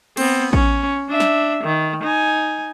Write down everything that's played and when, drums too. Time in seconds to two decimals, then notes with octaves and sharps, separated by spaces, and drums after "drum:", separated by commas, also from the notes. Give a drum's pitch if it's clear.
0.17 B3 C4, drum: cymbal
0.53 C#4, drum: kick
1.09 D4 E5
1.20 drum: snare
1.64 D#3
2.04 D#4 G#5